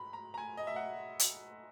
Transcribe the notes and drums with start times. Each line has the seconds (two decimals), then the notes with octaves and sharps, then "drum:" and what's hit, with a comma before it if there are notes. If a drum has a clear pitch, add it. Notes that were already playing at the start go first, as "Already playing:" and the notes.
Already playing: G#2 A#5 B5
0.13 A#5
0.34 A#5
0.38 G#5
0.57 D#5
0.67 E5
0.76 F#5
1.19 drum: hi-hat